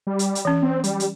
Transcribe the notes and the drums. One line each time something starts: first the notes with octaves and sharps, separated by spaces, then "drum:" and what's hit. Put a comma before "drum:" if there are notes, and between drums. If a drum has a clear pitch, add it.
G3
drum: hi-hat
drum: hi-hat
E3 C#4
C4
G3, drum: hi-hat
drum: hi-hat